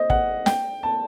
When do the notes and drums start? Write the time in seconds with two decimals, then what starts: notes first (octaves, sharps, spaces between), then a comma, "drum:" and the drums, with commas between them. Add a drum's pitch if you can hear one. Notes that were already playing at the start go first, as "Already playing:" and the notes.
Already playing: C5 D#5
0.10 F#5, drum: kick
0.46 G5, drum: snare
0.83 A5